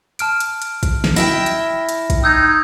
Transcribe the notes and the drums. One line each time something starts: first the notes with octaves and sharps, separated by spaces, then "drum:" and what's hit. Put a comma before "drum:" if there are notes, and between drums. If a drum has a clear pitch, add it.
A5 F6 D7, drum: hi-hat
drum: hi-hat
drum: hi-hat
drum: kick, hi-hat
drum: snare
E4 E5 G5 A#6
drum: hi-hat
drum: hi-hat
drum: kick, hi-hat
D#4 E6 G6 G#6